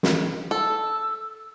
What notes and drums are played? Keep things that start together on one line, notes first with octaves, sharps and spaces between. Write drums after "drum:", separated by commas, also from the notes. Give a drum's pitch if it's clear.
drum: snare
A4 E6